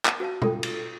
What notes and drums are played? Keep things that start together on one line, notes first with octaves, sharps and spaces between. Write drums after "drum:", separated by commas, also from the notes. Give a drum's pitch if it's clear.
drum: clap
F#4 B4 F5 A5
F4 A4 G5, drum: tom B2
drum: cymbal